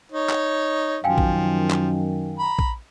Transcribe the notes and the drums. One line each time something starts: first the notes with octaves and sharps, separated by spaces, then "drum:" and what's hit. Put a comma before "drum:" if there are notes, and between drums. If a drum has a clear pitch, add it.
D#4 C#5
drum: clap
F#2 D#3 F3 F5 G5 G#5
drum: kick A#1
drum: clap
A#5 B5
drum: kick A#1